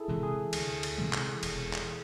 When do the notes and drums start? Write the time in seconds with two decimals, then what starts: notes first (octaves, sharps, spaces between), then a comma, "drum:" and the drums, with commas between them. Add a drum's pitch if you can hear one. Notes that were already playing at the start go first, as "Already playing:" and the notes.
Already playing: E4 G#4 A4
0.08 C3 E3 G#3
0.23 G#4
0.53 D2, drum: cymbal
0.83 drum: cymbal
0.98 C3 E3 G#3
1.13 drum: clap
1.43 E1, drum: cymbal
1.73 drum: clap